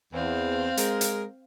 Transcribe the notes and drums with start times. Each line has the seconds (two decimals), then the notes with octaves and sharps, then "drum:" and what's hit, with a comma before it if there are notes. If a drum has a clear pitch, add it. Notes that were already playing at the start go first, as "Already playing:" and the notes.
0.13 E2 C4 F5
0.77 G#3 A#4, drum: hi-hat
1.01 drum: hi-hat